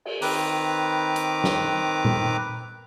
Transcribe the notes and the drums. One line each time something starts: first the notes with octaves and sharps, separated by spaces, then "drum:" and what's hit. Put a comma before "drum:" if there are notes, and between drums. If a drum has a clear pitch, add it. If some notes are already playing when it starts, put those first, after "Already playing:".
drum: cymbal
D#3 C4 B4 A#5 D6, drum: open hi-hat
drum: hi-hat
drum: snare
drum: tom A#2